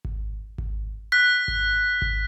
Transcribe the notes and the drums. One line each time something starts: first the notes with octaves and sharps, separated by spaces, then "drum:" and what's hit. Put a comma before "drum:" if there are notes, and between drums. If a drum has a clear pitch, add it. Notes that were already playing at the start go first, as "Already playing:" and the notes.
drum: kick G#1
drum: kick G#1
F#6 B6
drum: kick G#1
drum: kick G#1